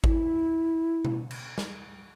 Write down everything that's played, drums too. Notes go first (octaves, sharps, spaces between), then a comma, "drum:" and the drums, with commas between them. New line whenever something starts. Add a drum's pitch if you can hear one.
E4, drum: kick G#1
drum: tom B2
drum: cymbal
drum: snare